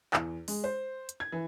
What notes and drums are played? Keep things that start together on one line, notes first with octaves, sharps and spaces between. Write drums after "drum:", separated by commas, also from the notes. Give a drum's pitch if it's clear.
E2, drum: clap
G#3, drum: open hi-hat
C5
drum: hi-hat
G#6
E3